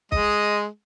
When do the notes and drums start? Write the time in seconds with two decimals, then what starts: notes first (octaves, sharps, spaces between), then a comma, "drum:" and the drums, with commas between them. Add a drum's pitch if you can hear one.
0.12 G#3 D#5, drum: kick